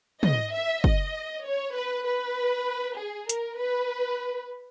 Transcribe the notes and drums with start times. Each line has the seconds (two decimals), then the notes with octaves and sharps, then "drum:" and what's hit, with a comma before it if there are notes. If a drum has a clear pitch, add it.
0.23 D#5, drum: tom
0.54 E5
0.84 D#5, drum: kick
1.46 C#5
1.76 B4
2.06 B4
2.98 G#4
3.29 A#4, drum: hi-hat
3.59 B4